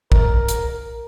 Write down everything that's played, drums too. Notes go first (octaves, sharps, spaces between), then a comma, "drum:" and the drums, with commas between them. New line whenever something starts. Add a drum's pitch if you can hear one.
A#4, drum: kick
drum: hi-hat